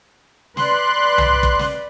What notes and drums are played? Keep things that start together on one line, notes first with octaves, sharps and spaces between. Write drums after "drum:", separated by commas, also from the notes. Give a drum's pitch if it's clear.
B4 D5 C6 F#6, drum: snare
drum: tom C2
drum: kick
drum: snare